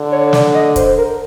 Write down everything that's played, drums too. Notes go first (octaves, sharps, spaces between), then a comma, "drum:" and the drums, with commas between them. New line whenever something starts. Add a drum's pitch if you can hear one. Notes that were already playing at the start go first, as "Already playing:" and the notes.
Already playing: D3
C#5
D5, drum: snare
D#5
C5, drum: kick, hi-hat
A#4